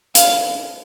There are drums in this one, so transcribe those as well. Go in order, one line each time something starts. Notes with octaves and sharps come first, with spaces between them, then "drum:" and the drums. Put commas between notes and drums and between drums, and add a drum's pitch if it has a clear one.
F5, drum: hi-hat